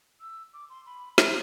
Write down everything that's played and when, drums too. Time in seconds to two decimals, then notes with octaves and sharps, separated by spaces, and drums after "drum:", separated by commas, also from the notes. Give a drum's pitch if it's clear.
0.20 E6
0.53 D6
0.70 C6
0.86 B5
1.18 C6, drum: snare